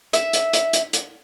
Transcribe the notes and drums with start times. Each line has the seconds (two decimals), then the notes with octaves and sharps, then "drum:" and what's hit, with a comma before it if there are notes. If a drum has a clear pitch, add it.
0.13 E5, drum: hi-hat
0.33 drum: hi-hat
0.53 drum: hi-hat
0.73 drum: hi-hat
0.93 drum: hi-hat